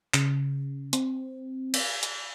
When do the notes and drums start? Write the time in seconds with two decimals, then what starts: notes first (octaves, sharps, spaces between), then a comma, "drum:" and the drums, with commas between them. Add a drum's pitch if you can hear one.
0.14 C#3, drum: clap
0.93 C4, drum: hi-hat
1.74 drum: cymbal
2.03 drum: hi-hat